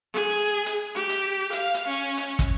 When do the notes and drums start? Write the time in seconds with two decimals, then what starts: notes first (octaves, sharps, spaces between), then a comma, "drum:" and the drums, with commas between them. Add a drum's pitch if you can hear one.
0.13 G#4
0.66 drum: hi-hat
0.95 G4
1.09 drum: hi-hat
1.53 F5, drum: hi-hat
1.74 drum: hi-hat
1.87 C#4
2.17 drum: hi-hat
2.39 drum: kick, hi-hat